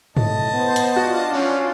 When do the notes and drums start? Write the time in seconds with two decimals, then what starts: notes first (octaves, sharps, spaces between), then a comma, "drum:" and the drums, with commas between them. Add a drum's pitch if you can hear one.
0.17 A2 D#5 A5, drum: tom
0.53 B3 C5
0.76 drum: hi-hat
0.96 D4 F4 F#4
1.33 E3 F3 C#4